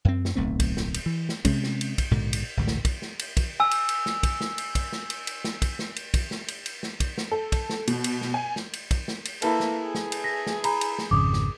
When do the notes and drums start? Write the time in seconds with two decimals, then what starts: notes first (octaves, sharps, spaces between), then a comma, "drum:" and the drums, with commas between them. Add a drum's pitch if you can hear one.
0.05 F#2 C4
0.25 drum: snare
0.36 D1 B1 A3 C4
0.60 drum: kick, cymbal
0.77 drum: snare
0.94 drum: cymbal
1.06 E3
1.29 drum: snare
1.45 C3 G#3 C#4, drum: kick, cymbal
1.64 drum: snare
1.81 drum: cymbal
1.98 drum: kick, cymbal
2.11 A#1 G#2 B2 D3
2.33 drum: cymbal
2.57 A1 D2 G#2
2.67 drum: snare
2.85 drum: kick, cymbal
3.02 drum: snare
3.19 drum: cymbal
3.37 drum: kick, cymbal
3.60 G#5 E6
3.71 drum: cymbal
3.89 drum: cymbal
4.06 drum: snare
4.23 drum: kick, cymbal
4.41 drum: snare
4.58 drum: cymbal
4.75 drum: kick, cymbal
4.93 drum: snare
5.10 drum: cymbal
5.27 drum: cymbal
5.44 drum: snare
5.62 drum: kick, cymbal
5.79 drum: snare
5.96 drum: cymbal
6.14 drum: kick, cymbal
6.31 drum: snare
6.48 drum: cymbal
6.66 drum: cymbal
6.83 drum: snare
7.00 drum: kick, cymbal
7.18 drum: snare
7.31 A4
7.52 drum: kick, cymbal
7.70 drum: snare
7.87 B2, drum: cymbal
8.04 drum: cymbal
8.21 drum: snare
8.34 G#5
8.56 drum: snare
8.73 drum: cymbal
8.91 drum: kick, cymbal
9.08 drum: snare
9.25 drum: cymbal
9.42 A#3 E4 A4 B4, drum: cymbal
9.60 drum: snare
9.82 G#4
9.95 drum: snare
10.12 drum: cymbal
10.24 A#6 B6
10.47 drum: snare
10.64 A#5 B5, drum: cymbal
10.81 drum: cymbal
10.99 drum: snare
11.11 G#1 F2 C#3 D6 D#6
11.33 drum: snare